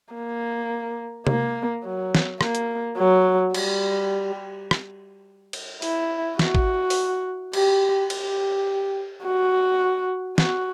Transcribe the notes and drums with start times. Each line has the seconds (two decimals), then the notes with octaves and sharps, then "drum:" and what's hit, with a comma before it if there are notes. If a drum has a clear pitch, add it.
0.14 A#3
1.27 A#3, drum: tom C3
1.84 F#3
2.15 drum: snare
2.41 A#3, drum: rim click
2.55 drum: hi-hat
2.98 F#3
3.54 G3, drum: cymbal
4.71 drum: rim click
5.53 drum: cymbal
5.82 E4, drum: open hi-hat
6.39 F#4, drum: snare
6.55 drum: kick A1
6.90 drum: open hi-hat
7.53 G4, drum: cymbal
8.10 G4, drum: cymbal
9.24 F#4
10.38 F#4, drum: snare